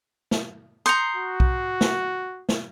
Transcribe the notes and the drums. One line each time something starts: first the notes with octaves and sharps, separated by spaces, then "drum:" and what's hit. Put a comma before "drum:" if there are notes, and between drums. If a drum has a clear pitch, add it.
drum: snare
A#5 C6 D#6 G6 C#7
F#4
drum: kick B1
drum: snare
drum: snare